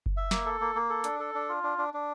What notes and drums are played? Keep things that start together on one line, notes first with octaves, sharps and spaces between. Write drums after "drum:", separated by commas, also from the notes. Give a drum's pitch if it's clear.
drum: kick F#1
E5
A#3, drum: snare
A4
A#3
A#3
A4
D4, drum: hi-hat
A4
D4
F4
D4
D4
D4